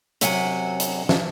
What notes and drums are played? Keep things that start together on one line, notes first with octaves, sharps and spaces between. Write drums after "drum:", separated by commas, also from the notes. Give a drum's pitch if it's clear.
F#2 C3 F#3 F#5 G#5, drum: hi-hat
drum: hi-hat
drum: snare